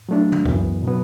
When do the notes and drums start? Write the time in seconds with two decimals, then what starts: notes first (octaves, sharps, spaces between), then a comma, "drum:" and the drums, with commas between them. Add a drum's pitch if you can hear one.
0.09 F#3 A3 D4
0.32 drum: tom
0.45 F#2 E3 B3, drum: kick C2
0.83 B2 F#3 B3